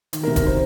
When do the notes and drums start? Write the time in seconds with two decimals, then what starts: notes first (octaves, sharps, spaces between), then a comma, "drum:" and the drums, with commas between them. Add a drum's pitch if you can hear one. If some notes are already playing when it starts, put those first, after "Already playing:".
0.13 D#3, drum: hi-hat
0.23 A#4
0.27 C3
0.36 A#4, drum: kick D#1, hi-hat
0.43 D#3 C5